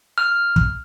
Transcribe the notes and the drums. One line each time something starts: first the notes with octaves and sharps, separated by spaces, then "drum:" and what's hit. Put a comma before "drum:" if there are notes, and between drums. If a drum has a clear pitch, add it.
F6
drum: kick